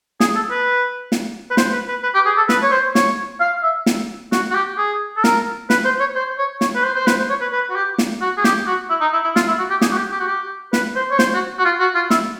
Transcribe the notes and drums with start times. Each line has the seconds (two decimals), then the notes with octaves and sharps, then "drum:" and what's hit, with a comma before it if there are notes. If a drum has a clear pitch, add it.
0.20 G#4, drum: snare
0.36 A4
0.51 B4
1.12 drum: snare
1.51 B4
1.57 C5, drum: snare
1.73 B4
1.88 B4
2.03 B4
2.15 G4
2.26 G#4
2.38 A4
2.49 B4, drum: snare
2.62 C#5
2.72 C5
2.95 C#5, drum: snare
3.41 F5
3.63 E5
3.86 drum: snare
4.32 F#4, drum: snare
4.51 F#4
4.55 G4
4.78 G#4
5.17 A4
5.24 A#4, drum: snare
5.70 B4, drum: snare
5.85 C5
6.00 C#5
6.16 C5
6.38 C#5
6.61 C#5, drum: snare
6.76 B4
6.84 C5
6.96 C5
7.07 B4, drum: snare
7.18 C5
7.30 C#5
7.41 B4
7.53 B4
7.69 F#4
7.76 G4
7.98 drum: snare
8.21 F#4
8.38 G#4
8.44 G4, drum: snare
8.67 F#4
8.90 E4
9.01 D#4
9.13 E4
9.24 E4
9.36 F4, drum: snare
9.48 E4
9.59 F#4
9.70 G4
9.81 G#4, drum: snare
9.91 F#4
9.97 G4
10.12 G4
10.20 F#4
10.27 G4
10.73 B4, drum: snare
10.96 C5
11.11 C#5
11.19 C5, drum: snare
11.34 F#4
11.59 F#4
11.65 F4
11.80 F#4
11.95 F4
12.10 E4, drum: snare